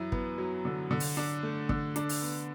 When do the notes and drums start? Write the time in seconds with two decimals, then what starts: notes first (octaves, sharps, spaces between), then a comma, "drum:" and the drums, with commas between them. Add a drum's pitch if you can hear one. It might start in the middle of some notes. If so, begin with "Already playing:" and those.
Already playing: F#2 E3 E4
0.12 B3, drum: kick
0.38 F#3
0.65 D3
0.91 D3
1.00 drum: open hi-hat
1.17 D4
1.43 A3
1.69 D3, drum: kick
1.96 D4, drum: hi-hat
2.09 drum: open hi-hat
2.22 B3